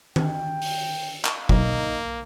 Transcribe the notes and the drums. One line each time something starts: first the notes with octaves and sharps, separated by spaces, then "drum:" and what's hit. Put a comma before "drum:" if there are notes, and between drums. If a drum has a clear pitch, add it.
G5, drum: tom D#3
drum: open hi-hat
drum: clap
B1 A#3 D#4, drum: kick